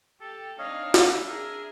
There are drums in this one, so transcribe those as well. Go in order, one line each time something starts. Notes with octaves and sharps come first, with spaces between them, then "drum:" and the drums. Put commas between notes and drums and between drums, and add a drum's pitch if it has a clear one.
G4 A4
C4 D4 D#4 C#5 D#5 F5
E5, drum: snare
D4 G#4 A#4